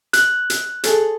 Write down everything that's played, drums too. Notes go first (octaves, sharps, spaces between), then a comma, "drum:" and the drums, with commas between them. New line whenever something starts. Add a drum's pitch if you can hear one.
F#6, drum: hi-hat
drum: hi-hat
G#4 A4 C#5, drum: hi-hat